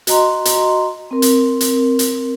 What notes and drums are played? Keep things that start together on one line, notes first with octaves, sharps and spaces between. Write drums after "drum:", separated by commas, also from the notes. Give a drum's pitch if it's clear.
F#4 D#5 A#5 C6, drum: hi-hat
drum: hi-hat
C4 A#4
drum: hi-hat
drum: hi-hat
drum: hi-hat